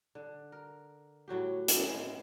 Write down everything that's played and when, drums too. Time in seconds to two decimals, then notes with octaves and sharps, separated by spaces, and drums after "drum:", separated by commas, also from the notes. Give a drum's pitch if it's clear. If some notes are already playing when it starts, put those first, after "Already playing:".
0.15 D3
0.52 A#4
1.28 A2 F#3 F#4 G4
1.68 drum: hi-hat
1.87 G#3 E4